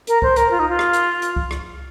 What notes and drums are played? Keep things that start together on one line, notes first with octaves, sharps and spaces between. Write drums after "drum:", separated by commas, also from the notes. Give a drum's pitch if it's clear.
A#4, drum: hi-hat
C5, drum: kick C2
A#4, drum: hi-hat
F4
D#4
F4
drum: rim click
drum: hi-hat
drum: hi-hat
drum: kick C2
drum: rim click